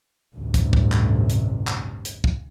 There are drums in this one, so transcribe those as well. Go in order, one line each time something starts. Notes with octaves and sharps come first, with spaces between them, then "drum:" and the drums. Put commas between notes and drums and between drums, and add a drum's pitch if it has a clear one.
A1 D2 G2 C3
drum: kick, hi-hat
drum: kick
drum: clap
drum: hi-hat
drum: clap
drum: hi-hat
drum: kick